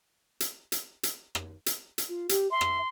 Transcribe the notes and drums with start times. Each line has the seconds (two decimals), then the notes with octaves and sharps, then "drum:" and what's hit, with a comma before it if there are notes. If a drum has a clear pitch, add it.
0.40 drum: hi-hat
0.72 drum: hi-hat
1.03 drum: hi-hat
1.35 drum: rim click
1.66 drum: hi-hat
1.98 drum: hi-hat
2.09 F4
2.29 G4, drum: hi-hat
2.51 E5 C6
2.61 drum: rim click